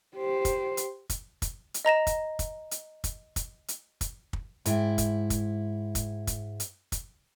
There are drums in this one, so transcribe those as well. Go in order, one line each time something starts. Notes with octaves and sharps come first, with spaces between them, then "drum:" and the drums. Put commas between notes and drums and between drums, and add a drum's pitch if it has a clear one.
G4 C5
drum: kick, hi-hat
drum: hi-hat
drum: kick, hi-hat
drum: kick, hi-hat
drum: hi-hat
D#5 A#5 A#6 E7
drum: kick, hi-hat
drum: kick, hi-hat
drum: hi-hat
drum: kick, hi-hat
drum: kick, hi-hat
drum: hi-hat
drum: kick, hi-hat
drum: kick
G#2 E4 E5 G5, drum: hi-hat
drum: kick, hi-hat
drum: kick, hi-hat
drum: kick, hi-hat
drum: kick, hi-hat
drum: hi-hat
drum: kick, hi-hat